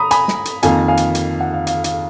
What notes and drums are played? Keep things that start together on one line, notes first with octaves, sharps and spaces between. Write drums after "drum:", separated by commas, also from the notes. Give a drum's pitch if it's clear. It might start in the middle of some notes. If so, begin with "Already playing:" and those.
Already playing: A#5 B5 D#6
G#5 B5, drum: hi-hat
drum: snare
drum: hi-hat
F2 D#3 A#3 F5 G#5, drum: hi-hat
F5 G#5
drum: hi-hat
drum: hi-hat
F#5
F5
F5, drum: hi-hat
F5, drum: hi-hat